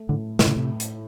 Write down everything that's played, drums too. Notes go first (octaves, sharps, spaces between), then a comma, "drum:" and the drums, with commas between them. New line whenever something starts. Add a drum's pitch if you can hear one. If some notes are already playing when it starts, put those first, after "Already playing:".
Already playing: A3
A2 D3
A2 C3, drum: snare
C#3
C3
drum: hi-hat